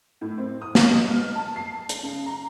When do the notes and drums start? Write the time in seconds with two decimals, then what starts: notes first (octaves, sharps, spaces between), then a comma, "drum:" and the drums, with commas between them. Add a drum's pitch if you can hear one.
0.21 A2
0.38 C4
0.62 D#6
0.75 drum: snare
0.88 D#5
1.11 F6
1.35 A5
1.56 C7
1.72 A5
1.89 drum: hi-hat
2.03 C#3
2.26 A#5